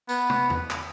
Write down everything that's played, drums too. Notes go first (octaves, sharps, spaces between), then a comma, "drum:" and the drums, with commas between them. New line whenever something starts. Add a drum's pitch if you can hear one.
B3, drum: tambourine
drum: tom
drum: tom E2
drum: clap